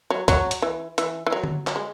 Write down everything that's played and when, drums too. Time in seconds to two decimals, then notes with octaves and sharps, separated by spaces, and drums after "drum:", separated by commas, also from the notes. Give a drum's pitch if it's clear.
0.10 F#3
0.28 F#3, drum: kick C#2, hi-hat
0.51 drum: hi-hat
0.62 E3
0.98 E3, drum: hi-hat
1.26 E3
1.32 F#3
1.44 drum: tom D3
1.67 F#3, drum: clap
1.76 G#3